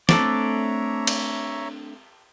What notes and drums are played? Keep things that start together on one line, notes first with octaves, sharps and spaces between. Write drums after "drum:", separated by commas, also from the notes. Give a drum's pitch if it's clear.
A3 C4 D4 A4 C#5 D5 E5 A#5, drum: snare
drum: cymbal